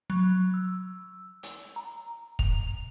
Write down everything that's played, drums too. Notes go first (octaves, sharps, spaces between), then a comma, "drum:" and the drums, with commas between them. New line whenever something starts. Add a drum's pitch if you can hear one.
F#3
E6
drum: hi-hat
A#5
F7, drum: kick